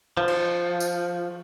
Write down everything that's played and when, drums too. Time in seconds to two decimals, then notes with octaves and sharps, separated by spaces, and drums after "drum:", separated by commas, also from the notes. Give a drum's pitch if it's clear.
0.17 F3
0.28 drum: cymbal
0.80 drum: tambourine